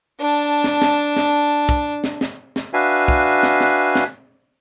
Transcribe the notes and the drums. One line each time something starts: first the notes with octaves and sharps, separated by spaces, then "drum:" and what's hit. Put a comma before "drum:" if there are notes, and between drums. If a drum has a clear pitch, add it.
D4 A5
drum: snare
drum: snare
drum: snare
drum: kick
drum: snare
drum: snare
drum: snare
D4 F#4 B4 E5 F5 G#5
drum: kick
drum: snare
drum: snare
drum: snare